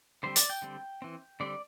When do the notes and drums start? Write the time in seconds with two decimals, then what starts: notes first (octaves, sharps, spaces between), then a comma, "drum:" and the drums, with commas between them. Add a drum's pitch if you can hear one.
0.23 D3 G3 C4 C5
0.36 D5, drum: hi-hat
0.50 G5
0.62 D3 G3 C4
1.02 E3 C4
1.40 D3 G3 C4 D5